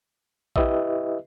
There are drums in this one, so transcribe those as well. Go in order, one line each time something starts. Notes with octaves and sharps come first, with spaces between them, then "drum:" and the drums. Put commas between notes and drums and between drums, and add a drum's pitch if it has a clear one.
E4 G4 B4 D#5 E5, drum: kick A#1